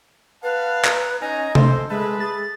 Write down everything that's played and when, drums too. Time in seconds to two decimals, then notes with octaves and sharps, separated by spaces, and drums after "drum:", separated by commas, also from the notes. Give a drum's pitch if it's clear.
0.43 B4 F5 F#5 A5
0.85 A#5, drum: clap
1.22 C#4 D#4 D#5 G#5 A#5
1.55 A4 C5, drum: tom C3
1.90 G#3 B4 E5 A5
2.20 G#4 A6